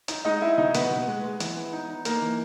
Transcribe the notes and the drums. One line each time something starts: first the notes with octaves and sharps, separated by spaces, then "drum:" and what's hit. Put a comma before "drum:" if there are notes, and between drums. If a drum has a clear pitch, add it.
D#4, drum: hi-hat
G#3 D#4 D#5
D#4 E4 E5
B2 D#4 D#5
B2 B3 B4, drum: hi-hat
B2
G#3
G#3
E3, drum: hi-hat
B3
D#4
D#4
A#3 D#4 A#4, drum: hi-hat
E3